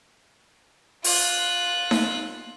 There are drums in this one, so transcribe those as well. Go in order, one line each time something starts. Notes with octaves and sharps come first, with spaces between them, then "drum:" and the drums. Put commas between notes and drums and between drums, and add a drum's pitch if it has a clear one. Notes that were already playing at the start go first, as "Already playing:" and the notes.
F4 F#6, drum: open hi-hat
drum: snare D#4